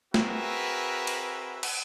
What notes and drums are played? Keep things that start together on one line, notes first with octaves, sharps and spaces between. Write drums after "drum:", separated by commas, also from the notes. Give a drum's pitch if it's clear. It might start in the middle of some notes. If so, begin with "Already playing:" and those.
C4 F#4 G#4 A#4 B4 E5, drum: snare
drum: cymbal
drum: cymbal